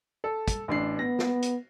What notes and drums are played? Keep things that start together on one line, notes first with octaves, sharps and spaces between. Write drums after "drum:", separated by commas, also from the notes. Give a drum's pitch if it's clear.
A4
drum: kick, hi-hat
A1 D4 C7
B3 A#6
drum: snare
drum: hi-hat